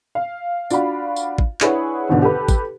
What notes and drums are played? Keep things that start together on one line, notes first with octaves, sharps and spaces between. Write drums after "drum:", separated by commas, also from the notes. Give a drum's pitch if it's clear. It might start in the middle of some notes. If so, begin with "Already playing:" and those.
F5
D4 F4 F#4 F5 B5, drum: tambourine
drum: tambourine
drum: kick
D4 E4 G#4 B4 C#5 F#5, drum: clap
G#1 E2 B2 D3 D#3
G4 A4 B4
drum: kick, tambourine